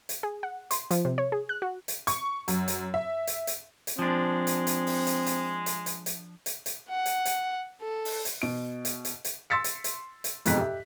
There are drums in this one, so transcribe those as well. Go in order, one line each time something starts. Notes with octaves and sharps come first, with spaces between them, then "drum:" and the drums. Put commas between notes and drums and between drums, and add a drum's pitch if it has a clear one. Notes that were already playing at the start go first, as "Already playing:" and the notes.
drum: hi-hat
G#4
F#5
C6, drum: hi-hat
F3, drum: hi-hat
C3
C#5
G#4
F#6
F#4
drum: hi-hat
C#6, drum: hi-hat
F#2, drum: hi-hat
drum: hi-hat
E5
drum: hi-hat
drum: hi-hat
drum: hi-hat
F3 G#3 C4 D4
drum: hi-hat
drum: hi-hat
drum: open hi-hat
drum: hi-hat
drum: hi-hat
drum: hi-hat
drum: hi-hat
drum: hi-hat
drum: hi-hat
drum: hi-hat
F#5
drum: hi-hat
drum: hi-hat
A4
drum: open hi-hat
drum: hi-hat
B2 D7
drum: hi-hat
drum: hi-hat
drum: hi-hat
C6 E6 A6 B6 C#7
drum: hi-hat
drum: hi-hat
drum: hi-hat
F2 G#2 B2 F#6 B6, drum: hi-hat
G4 E5